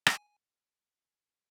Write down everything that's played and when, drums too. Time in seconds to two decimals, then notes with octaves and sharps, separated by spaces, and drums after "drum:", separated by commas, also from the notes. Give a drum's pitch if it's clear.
0.07 G#5, drum: rim click